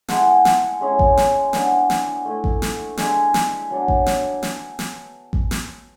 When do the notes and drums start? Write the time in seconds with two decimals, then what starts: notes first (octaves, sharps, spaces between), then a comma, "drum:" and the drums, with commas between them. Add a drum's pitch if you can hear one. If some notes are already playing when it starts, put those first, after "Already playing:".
0.08 G#3 B3 E4 F#5 A5, drum: snare
0.45 drum: snare
0.81 G#3 C#4 E4
0.99 drum: kick A1
1.17 drum: snare
1.53 G#3 B3 D4, drum: snare
1.90 drum: snare
2.25 A3 E4
2.44 drum: kick A1
2.62 drum: snare
2.97 G#3 D4 E5 G#5, drum: snare
3.34 drum: snare
3.71 F#3 B3 D4
3.88 drum: kick A1
4.06 drum: snare
4.43 drum: snare
4.79 drum: snare
5.33 drum: kick A1
5.51 drum: snare